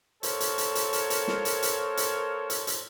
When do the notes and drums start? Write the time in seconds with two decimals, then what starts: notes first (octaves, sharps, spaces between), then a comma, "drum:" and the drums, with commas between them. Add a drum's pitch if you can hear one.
0.23 A#3 A4 A#4 C5 C#5, drum: hi-hat
0.40 drum: hi-hat
0.58 drum: hi-hat
0.75 drum: hi-hat
0.93 drum: hi-hat
1.10 drum: hi-hat
1.28 drum: snare
1.45 drum: hi-hat
1.62 drum: hi-hat
1.97 drum: hi-hat
2.50 drum: hi-hat
2.67 drum: hi-hat